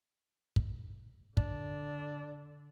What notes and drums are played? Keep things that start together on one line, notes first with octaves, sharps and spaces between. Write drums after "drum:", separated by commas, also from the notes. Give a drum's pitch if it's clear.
drum: kick
D3 D4, drum: kick